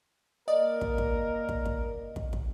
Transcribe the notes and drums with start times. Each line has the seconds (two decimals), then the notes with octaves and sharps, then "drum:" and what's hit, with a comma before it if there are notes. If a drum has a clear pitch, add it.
0.48 A#3 A#4 D5 D#5
0.81 drum: kick
0.98 drum: kick
1.49 drum: kick
1.66 drum: kick
2.16 drum: kick
2.33 drum: kick